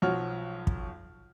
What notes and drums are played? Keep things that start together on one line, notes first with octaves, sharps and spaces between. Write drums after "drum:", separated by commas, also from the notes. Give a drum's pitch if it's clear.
B1 F3 F#3 F#4 C#5 F6
drum: kick